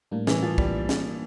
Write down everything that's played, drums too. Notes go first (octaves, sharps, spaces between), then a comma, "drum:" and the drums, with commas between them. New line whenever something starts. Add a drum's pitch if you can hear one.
A2 G3 A#3 D4
E3, drum: snare
F3
G3, drum: kick
drum: snare